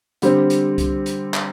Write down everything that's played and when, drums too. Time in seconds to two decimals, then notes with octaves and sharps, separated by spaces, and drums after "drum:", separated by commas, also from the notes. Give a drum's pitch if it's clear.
0.22 D3 G3 C4, drum: hi-hat
0.50 drum: hi-hat
0.78 drum: kick C2, hi-hat
1.06 drum: hi-hat
1.34 drum: clap